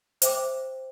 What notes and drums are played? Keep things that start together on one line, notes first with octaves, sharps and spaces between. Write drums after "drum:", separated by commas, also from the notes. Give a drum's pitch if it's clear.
C5 E5 G5 D6, drum: hi-hat